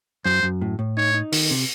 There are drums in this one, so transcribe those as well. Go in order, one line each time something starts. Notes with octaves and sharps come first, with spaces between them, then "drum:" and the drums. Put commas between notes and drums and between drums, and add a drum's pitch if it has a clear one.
F#2 C5
F#2
A2
A2
D#4 C#5
D#4
D#3, drum: open hi-hat
C3